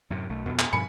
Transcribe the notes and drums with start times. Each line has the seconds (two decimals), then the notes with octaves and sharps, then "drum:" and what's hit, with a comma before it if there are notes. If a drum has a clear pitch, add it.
0.10 F#2 A2 C3
0.29 B1 A3
0.47 F2 B2 B3
0.59 drum: clap
0.73 G2 B2 F3 G#5 B5 C#7